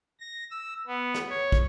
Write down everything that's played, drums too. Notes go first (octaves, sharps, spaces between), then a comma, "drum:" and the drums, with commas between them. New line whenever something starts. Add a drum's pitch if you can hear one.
A#6
E6
B3
drum: rim click
C#5
drum: kick